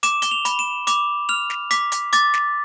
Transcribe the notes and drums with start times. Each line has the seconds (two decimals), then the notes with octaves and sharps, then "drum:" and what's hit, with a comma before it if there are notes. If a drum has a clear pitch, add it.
0.03 D6 E7, drum: hi-hat
0.22 G7, drum: hi-hat
0.31 F7
0.45 B5, drum: hi-hat
0.59 E7
0.87 D6 F7, drum: hi-hat
1.29 F6 F7
1.50 drum: snare
1.71 D6 B6, drum: hi-hat
1.92 drum: hi-hat
2.13 D6 A6, drum: hi-hat
2.34 drum: snare